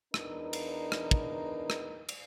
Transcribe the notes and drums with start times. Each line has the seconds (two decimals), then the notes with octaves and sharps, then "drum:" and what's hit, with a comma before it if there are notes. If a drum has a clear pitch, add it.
0.14 E2 D4 D#4 A#4 B4, drum: rim click
0.53 drum: cymbal
0.92 drum: rim click
1.11 drum: kick
1.70 drum: rim click
2.09 drum: cymbal